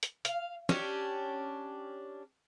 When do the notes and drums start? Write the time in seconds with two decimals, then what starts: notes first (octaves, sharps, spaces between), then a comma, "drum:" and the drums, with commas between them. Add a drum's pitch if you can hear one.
0.03 drum: hi-hat
0.25 F5, drum: hi-hat
0.69 C#4 D4 G4, drum: snare